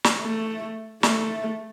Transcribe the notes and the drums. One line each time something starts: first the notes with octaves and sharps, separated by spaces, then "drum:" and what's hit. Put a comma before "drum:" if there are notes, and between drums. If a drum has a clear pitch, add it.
drum: snare
A3
A3, drum: snare